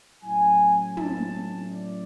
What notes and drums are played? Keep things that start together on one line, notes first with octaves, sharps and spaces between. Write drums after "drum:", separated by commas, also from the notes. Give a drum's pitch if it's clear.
A2 F#3 C#4 E4 G#5
A5, drum: tom
D5